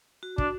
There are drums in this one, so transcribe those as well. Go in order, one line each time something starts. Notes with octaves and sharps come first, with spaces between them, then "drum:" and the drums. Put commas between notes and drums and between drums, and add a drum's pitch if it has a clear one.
F#4
D4, drum: kick